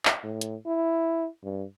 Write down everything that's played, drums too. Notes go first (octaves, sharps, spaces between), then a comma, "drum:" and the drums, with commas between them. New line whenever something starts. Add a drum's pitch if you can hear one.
drum: clap
A2
drum: hi-hat
E4
G2